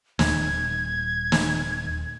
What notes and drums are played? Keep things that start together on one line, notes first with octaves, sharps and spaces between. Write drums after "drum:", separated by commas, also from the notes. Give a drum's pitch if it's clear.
D#1 G#6, drum: snare
drum: snare